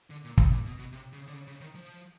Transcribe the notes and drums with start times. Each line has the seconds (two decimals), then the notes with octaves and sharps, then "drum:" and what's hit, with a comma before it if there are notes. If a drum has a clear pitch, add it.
0.10 D3
0.24 A#2
0.38 B2, drum: kick
0.51 A#2
0.66 B2
0.78 B2
0.92 C3
1.13 C#3
1.27 D3
1.33 C#3
1.47 C#3
1.61 D#3
1.75 F3